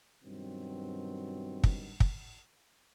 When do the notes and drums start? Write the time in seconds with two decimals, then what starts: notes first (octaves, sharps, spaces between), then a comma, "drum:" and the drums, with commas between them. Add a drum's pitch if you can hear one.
0.24 G2 B2 D#3 F#3 C4
1.64 drum: kick
2.00 drum: kick